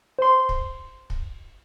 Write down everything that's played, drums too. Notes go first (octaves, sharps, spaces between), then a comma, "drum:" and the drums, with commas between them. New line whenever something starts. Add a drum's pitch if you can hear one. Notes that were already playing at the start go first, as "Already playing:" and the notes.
C5 C6
drum: kick
drum: kick